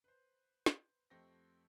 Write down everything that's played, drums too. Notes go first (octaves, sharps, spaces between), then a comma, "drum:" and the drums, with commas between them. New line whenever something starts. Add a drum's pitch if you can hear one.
B4 C5
drum: snare
F2 A3 C4 G4 D#5 A#6